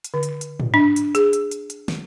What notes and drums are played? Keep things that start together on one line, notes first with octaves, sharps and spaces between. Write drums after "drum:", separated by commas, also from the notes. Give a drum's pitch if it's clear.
drum: hi-hat
D3
drum: hi-hat
drum: hi-hat
drum: tom G#2
D4
drum: hi-hat
G#4, drum: hi-hat
drum: hi-hat
drum: hi-hat
drum: hi-hat
drum: snare